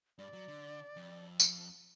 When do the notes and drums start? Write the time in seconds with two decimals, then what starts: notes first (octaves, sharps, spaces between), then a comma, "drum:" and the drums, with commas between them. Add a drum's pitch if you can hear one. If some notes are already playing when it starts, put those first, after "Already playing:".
0.18 G2 D5
0.33 F#3
0.48 D3
0.96 F2
1.40 drum: tambourine